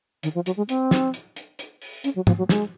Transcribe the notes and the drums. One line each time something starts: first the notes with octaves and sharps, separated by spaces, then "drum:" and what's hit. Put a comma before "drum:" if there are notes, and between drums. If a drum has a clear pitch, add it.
D#3, drum: hi-hat
F3
F#3, drum: hi-hat
G#3
C4, drum: hi-hat
drum: snare
drum: hi-hat
drum: hi-hat
drum: hi-hat
drum: open hi-hat
C#4, drum: hi-hat
F#3
F3, drum: tom
F#3
G#3, drum: snare